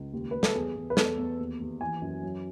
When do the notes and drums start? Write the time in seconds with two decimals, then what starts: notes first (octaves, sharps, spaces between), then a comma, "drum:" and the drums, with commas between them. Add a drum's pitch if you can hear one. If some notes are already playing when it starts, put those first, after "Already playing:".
Already playing: C#2
0.13 D#2
0.31 D#2 B4
0.43 A4, drum: snare
0.55 E2 G#4
0.76 E2
0.90 B4
0.97 E2 A4, drum: snare
1.18 E2
1.39 D#2
1.60 D#2
1.80 E3 G#5
2.02 F#2
2.23 F#3